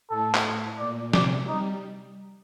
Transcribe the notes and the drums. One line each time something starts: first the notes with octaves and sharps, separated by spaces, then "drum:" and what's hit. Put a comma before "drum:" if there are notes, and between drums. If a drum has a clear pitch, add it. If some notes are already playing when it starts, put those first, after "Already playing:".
A2 A4
drum: clap
A#2 D5
C3 D5, drum: snare
G3 D#4